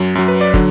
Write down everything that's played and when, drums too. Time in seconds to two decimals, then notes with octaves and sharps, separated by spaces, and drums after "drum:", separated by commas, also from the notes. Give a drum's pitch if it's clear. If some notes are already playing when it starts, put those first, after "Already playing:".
Already playing: F#2 F#3
0.15 F#2 F#3
0.28 B4
0.41 D5
0.54 D3 F#3, drum: kick